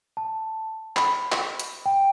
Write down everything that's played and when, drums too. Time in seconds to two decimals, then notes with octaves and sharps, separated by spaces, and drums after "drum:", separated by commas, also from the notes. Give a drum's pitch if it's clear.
0.17 A5
0.96 B5, drum: clap
1.32 drum: clap
1.60 drum: hi-hat
1.86 G5